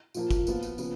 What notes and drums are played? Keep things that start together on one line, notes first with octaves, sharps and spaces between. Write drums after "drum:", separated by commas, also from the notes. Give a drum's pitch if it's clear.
A#2 F3 A#3, drum: tambourine
drum: kick, tambourine
A#2 F3 B3 F4, drum: tambourine
drum: tambourine
C#3 F3 B3, drum: tambourine